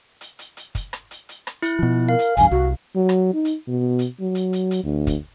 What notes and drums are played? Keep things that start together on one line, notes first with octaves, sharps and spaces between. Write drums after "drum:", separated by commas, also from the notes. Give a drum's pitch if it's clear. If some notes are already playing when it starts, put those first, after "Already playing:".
drum: hi-hat
drum: hi-hat
drum: hi-hat
drum: kick, hi-hat
drum: rim click
drum: hi-hat
drum: hi-hat
drum: rim click
E4 F#6, drum: hi-hat
B2 F3
A#4 F5
drum: hi-hat
A#1 E2 G2 G#5, drum: hi-hat
C2 F#4
F#3
drum: rim click
D#4
drum: hi-hat
B2
drum: hi-hat
F#3
drum: hi-hat
drum: hi-hat
drum: hi-hat
D2
drum: kick, hi-hat